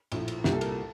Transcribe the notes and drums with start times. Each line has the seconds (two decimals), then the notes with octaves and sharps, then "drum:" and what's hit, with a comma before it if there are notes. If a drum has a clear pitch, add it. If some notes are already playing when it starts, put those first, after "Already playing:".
0.12 A#1 A2 F3, drum: cymbal
0.28 drum: cymbal
0.44 C2 A#2 G3 G4, drum: snare
0.53 A4
0.61 A#4, drum: cymbal
0.69 A4